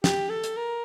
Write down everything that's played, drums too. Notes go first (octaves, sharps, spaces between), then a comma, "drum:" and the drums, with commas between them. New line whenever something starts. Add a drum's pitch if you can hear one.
G4, drum: snare
A4
drum: hi-hat
A#4